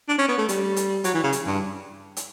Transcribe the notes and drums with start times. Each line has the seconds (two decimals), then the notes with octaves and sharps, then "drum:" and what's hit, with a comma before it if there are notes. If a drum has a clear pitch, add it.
0.08 D4
0.18 C#4
0.28 B3
0.38 A3
0.49 G3, drum: hi-hat
0.76 drum: hi-hat
1.04 F#3, drum: hi-hat
1.14 E3
1.23 C#3
1.32 drum: hi-hat
1.46 G2
2.17 drum: hi-hat